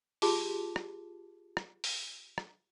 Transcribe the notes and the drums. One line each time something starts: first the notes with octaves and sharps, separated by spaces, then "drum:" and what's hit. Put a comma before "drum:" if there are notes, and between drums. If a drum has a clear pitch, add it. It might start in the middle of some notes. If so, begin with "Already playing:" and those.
F4 G4 G#4 A5 C6 D6, drum: open hi-hat
drum: rim click
drum: rim click
drum: open hi-hat
drum: rim click